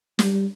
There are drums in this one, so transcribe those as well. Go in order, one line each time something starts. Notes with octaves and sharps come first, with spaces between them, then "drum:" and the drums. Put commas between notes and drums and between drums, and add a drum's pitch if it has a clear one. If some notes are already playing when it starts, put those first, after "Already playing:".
G3, drum: snare